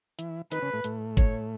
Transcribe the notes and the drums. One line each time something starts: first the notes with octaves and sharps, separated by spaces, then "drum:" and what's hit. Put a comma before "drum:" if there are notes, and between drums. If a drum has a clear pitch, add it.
E3 E4, drum: hi-hat
D#3 D#4 B4, drum: hi-hat
C#3 C#4
A2 A3
A2 A3, drum: hi-hat
C#5, drum: kick, hi-hat